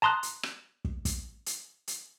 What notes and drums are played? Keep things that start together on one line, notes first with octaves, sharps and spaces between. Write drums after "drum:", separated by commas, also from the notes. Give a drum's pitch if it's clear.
A5 A#5 C6 D#6 F#6
drum: hi-hat
drum: rim click
drum: kick
drum: kick, hi-hat
drum: hi-hat
drum: hi-hat